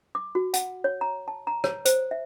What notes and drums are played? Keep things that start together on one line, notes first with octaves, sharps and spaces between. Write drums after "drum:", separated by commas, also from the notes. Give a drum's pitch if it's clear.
D6
F#4
F#5, drum: hi-hat
C#5
A#5
A5
A#5
C#5, drum: rim click
C5, drum: hi-hat
E5